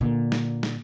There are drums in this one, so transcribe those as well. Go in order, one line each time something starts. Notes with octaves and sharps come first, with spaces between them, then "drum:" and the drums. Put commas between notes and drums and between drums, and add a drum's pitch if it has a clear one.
A#2 D3
drum: snare
drum: snare